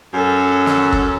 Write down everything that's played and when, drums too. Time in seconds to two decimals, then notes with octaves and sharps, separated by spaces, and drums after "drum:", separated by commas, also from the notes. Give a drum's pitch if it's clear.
0.14 F#2 C#4 A4
0.66 drum: snare
0.93 drum: kick